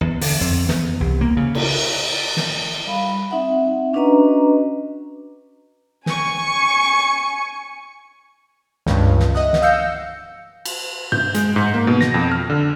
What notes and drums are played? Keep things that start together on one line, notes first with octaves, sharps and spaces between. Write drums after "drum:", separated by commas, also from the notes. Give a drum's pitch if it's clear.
E2
D3, drum: open hi-hat
F2
E2, drum: snare
C2
A#3
C#3
drum: cymbal
drum: snare
G3 F5 B5
C4 D#4 E5 F#5
C#4 D4 F#4 B4 D#5 A#5
G#5 C#6, drum: snare
C#2 G2, drum: snare
drum: snare
D#5 E5 F#5 D#6 F#6
drum: snare
F5 E6 G6 A#6 C#7
drum: cymbal
G6, drum: tom G2
G#3, drum: hi-hat
G#2
A#3
B2
A#6, drum: snare
F2
F6
D3